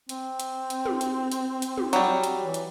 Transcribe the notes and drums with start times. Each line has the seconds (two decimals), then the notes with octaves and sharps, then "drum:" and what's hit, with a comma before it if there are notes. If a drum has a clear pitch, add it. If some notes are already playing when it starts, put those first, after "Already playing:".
0.09 C4, drum: hi-hat
0.40 drum: hi-hat
0.70 drum: hi-hat
0.86 drum: tom
1.01 drum: hi-hat
1.32 drum: hi-hat
1.62 drum: hi-hat
1.78 drum: tom
1.93 F#3 G3, drum: hi-hat
2.24 drum: hi-hat
2.42 E3
2.54 drum: hi-hat